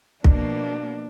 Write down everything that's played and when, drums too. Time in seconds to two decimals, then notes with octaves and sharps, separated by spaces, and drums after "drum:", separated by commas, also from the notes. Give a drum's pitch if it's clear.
0.24 B2 F3 A#3 D4, drum: kick